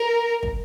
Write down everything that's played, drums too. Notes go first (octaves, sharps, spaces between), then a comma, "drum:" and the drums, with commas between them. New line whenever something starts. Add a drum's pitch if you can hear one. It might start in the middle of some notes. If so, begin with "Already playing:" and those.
Already playing: A#4
drum: kick